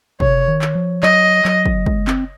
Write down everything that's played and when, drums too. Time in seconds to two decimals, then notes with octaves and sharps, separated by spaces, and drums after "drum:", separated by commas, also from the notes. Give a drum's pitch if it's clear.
0.20 C3 C#5, drum: kick
0.48 D#3
0.62 drum: clap
0.75 F3
1.03 F#3 D#5, drum: clap
1.45 F#3, drum: clap
1.65 drum: kick
1.86 G#3, drum: kick
2.07 C4, drum: clap